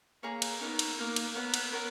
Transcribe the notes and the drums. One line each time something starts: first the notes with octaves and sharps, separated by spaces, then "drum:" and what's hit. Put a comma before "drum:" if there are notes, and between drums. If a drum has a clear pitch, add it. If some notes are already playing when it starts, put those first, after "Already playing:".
A#3 G#4 C#5 F5 A#5
drum: cymbal
B3 D#4 A#4 C#5
drum: cymbal
A#3 D#4 A#4 C#5
drum: cymbal
B3 A#4 C#5 F#5
drum: cymbal
A#4 C#5 F#5